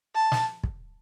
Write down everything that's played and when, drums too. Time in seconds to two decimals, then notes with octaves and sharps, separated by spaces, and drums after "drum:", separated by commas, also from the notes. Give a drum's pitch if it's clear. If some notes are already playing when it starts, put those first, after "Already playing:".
0.15 A5
0.32 drum: snare
0.64 drum: kick